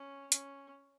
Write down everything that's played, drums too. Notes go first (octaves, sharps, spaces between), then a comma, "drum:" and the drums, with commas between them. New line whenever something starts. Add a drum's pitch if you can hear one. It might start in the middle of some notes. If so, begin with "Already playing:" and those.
Already playing: C#4
C#4, drum: hi-hat